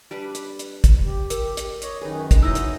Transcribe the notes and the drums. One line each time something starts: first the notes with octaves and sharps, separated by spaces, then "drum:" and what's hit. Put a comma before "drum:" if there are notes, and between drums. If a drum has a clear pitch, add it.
G3 D4 B4
drum: hi-hat
drum: hi-hat
drum: kick, hi-hat
G4
A#4, drum: hi-hat
drum: hi-hat
C#5 D#5, drum: hi-hat
F#2 D#3 D#4 G#4 B4
drum: kick, hi-hat
F#3 D#4 E4 D#5 E6
drum: hi-hat